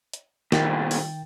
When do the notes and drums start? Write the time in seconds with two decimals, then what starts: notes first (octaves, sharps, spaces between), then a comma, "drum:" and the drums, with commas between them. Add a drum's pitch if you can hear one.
0.13 drum: hi-hat
0.52 C2 A#2 D#3 G5 A6, drum: snare
0.91 drum: open hi-hat